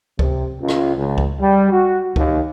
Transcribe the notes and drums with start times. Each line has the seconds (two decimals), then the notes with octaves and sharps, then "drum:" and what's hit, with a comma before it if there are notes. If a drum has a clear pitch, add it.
0.19 C3, drum: kick C#2
0.59 C#2
0.68 drum: rim click
0.96 C#2
1.18 drum: kick C#2
1.39 G3
1.71 F#4
2.16 D#2, drum: kick C#2